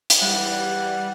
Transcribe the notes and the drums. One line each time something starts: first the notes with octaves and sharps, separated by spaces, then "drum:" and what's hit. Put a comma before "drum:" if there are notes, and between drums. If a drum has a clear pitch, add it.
drum: hi-hat
E3 G3 F#5